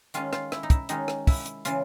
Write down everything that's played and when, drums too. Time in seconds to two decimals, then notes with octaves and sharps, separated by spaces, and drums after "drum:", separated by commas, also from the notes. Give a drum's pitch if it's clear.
0.14 D#3 G#3 C#4 F4, drum: hi-hat
0.33 F4, drum: rim click
0.52 E4, drum: rim click
0.63 D#4
0.70 E4, drum: kick, hi-hat
0.89 D#3 G#3 C#4 D#4, drum: hi-hat
1.08 drum: rim click
1.27 E4, drum: kick, open hi-hat
1.46 drum: hi-hat
1.65 C#3 E3 F4, drum: hi-hat